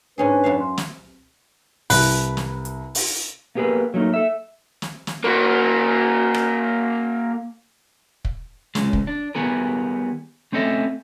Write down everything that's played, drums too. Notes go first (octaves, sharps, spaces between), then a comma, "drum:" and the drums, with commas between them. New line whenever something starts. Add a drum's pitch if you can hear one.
G#2 C#4 D4 G#4 B4 C#5
F#2 E5 F5
C6
drum: snare
C2 B4, drum: open hi-hat
drum: snare
drum: hi-hat
drum: open hi-hat
A#3 B3 G4 G#4 A#4 B4
F#3 A3 A#3 D#4
A4 E5
drum: snare
drum: snare
A#3 F#4
drum: rim click
drum: kick
D2 C#3 G#3, drum: snare
drum: kick
D4
D#3 G3 B3 G#4 A#4
A3 C4 C#4 A4 D#5 E5